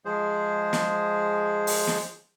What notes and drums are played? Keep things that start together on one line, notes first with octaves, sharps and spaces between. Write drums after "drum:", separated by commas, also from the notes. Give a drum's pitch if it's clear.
F3 G#3 G#4 C5
drum: snare
drum: open hi-hat
drum: snare